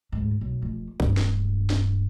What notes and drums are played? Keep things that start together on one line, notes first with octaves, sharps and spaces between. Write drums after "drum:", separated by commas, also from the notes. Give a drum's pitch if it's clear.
D2 G#2
B1
F1
D1 G2, drum: kick
drum: snare
drum: snare